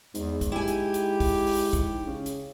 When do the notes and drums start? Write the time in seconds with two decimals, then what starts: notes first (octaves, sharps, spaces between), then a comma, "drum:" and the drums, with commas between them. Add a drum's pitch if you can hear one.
0.15 E2 G#2, drum: hi-hat
0.41 drum: kick, hi-hat
0.52 E4 G4 G#5
0.68 drum: hi-hat
0.94 drum: hi-hat
1.20 drum: kick, open hi-hat
1.47 drum: open hi-hat
1.73 drum: kick, hi-hat
2.07 C#3
2.26 drum: hi-hat